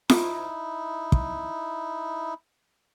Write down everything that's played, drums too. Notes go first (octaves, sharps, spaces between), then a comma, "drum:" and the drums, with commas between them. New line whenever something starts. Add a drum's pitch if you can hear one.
D#4 E4, drum: snare
drum: kick